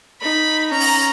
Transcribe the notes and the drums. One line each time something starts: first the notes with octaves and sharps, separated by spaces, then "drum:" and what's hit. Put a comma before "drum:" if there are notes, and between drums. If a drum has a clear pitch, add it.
D#4 B5
C#4 A#5
drum: open hi-hat